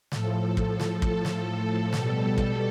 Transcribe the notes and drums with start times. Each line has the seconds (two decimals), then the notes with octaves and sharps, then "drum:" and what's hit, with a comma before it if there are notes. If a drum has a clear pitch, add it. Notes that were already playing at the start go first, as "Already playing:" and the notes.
0.12 A2 F3 A4, drum: snare
0.57 drum: kick
0.80 drum: snare
1.02 A4, drum: kick
1.25 drum: snare
1.93 B2 G3, drum: snare
2.38 drum: kick